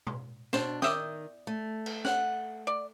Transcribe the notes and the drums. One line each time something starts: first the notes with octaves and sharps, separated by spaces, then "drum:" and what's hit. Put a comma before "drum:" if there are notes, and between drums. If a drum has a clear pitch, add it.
drum: tom B2
B2 D4 C5, drum: snare
D#3 D5 E5 G5 D#6, drum: snare
A3
drum: cymbal
F#5, drum: snare
D5